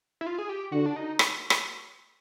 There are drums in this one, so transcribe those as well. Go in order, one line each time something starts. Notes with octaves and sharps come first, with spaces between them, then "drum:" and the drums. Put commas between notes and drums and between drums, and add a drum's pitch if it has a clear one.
E4
F4
G#4
G4
D3 F#4
D4
D#4
drum: rim click
drum: rim click